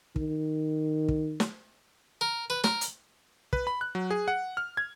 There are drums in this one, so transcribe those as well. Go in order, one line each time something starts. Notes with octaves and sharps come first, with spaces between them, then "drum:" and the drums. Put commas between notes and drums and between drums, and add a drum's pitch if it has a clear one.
D#3, drum: kick
drum: kick
drum: snare
A#4
B4
A#4, drum: snare
drum: hi-hat
B4, drum: kick
B5
F#6
F#3
G#4
F#5
F6
G#6